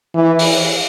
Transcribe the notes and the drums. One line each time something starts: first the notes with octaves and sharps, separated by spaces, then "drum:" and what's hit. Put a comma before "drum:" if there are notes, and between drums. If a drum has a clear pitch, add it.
E3
drum: open hi-hat